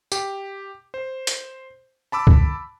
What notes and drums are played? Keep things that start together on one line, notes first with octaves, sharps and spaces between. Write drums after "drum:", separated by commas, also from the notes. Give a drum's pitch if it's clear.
G4, drum: tambourine
C5
drum: hi-hat
A5 B5 D6 E6
drum: kick C#2